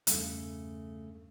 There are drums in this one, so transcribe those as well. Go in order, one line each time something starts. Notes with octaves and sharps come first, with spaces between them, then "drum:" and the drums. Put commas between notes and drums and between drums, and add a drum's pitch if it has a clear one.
E2 G2 C#3 A3, drum: hi-hat